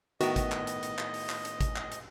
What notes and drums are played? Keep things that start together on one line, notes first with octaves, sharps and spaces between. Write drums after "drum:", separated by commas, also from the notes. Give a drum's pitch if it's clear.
A2 D#3 B3 F#4 D#5, drum: hi-hat
drum: kick G#1, hi-hat
drum: clap
drum: hi-hat
drum: hi-hat
drum: clap
drum: open hi-hat
drum: clap
drum: hi-hat
drum: kick G#1, hi-hat
drum: clap
drum: hi-hat